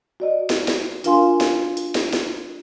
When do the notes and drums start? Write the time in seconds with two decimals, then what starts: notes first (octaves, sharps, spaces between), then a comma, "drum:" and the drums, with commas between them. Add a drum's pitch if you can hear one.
0.20 F#4 D5 D#5
0.50 drum: snare
0.68 drum: snare
1.04 D4 F4 A#4 F5 G#5 C6, drum: hi-hat
1.41 drum: snare
1.77 drum: hi-hat
1.95 drum: snare
2.13 drum: snare